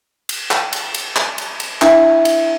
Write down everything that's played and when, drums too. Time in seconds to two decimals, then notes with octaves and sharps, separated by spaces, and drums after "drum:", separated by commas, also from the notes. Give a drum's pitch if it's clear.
0.29 drum: cymbal
0.51 drum: clap
0.73 drum: cymbal
0.94 drum: cymbal
1.16 drum: clap
1.38 drum: cymbal
1.60 drum: cymbal
1.82 D4 E4 E5, drum: clap
2.25 drum: cymbal